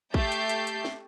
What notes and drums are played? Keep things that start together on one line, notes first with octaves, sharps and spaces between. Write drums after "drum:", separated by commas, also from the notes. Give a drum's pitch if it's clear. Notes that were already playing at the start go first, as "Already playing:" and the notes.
A3 G4 A5 G6 C7, drum: kick
drum: hi-hat
drum: hi-hat
drum: hi-hat
drum: snare